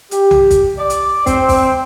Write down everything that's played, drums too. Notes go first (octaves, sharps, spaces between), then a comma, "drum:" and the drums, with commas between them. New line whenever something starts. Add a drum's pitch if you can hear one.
G4, drum: hi-hat
drum: tom B1
drum: kick, hi-hat
D5
drum: hi-hat
C4, drum: kick, hi-hat
drum: kick, open hi-hat